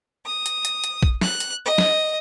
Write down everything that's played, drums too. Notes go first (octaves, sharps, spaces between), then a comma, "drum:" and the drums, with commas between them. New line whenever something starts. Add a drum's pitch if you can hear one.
D#6
drum: hi-hat
drum: hi-hat
drum: hi-hat
drum: kick A#1
F#6, drum: snare
drum: hi-hat
D#5
drum: snare